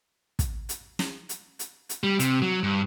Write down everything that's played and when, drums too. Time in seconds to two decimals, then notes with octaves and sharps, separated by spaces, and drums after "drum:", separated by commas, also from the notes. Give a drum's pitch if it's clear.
0.39 drum: kick, hi-hat
0.69 drum: hi-hat
0.99 drum: snare
1.29 drum: hi-hat
1.59 drum: hi-hat
1.89 drum: hi-hat
2.04 G3
2.19 C3, drum: hi-hat
2.42 F#3
2.63 G2